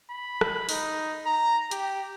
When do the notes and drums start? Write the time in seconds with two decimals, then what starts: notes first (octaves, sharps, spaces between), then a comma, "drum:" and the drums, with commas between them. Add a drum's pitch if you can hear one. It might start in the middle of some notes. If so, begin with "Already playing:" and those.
0.10 B5
0.41 drum: rim click
0.69 D#4, drum: open hi-hat
1.26 A#5
1.71 G4, drum: hi-hat